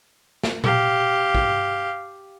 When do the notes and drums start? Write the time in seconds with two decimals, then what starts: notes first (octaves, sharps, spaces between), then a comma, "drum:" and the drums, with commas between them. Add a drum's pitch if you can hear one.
0.44 drum: snare
0.64 G4 F5, drum: tom A#2
1.35 drum: kick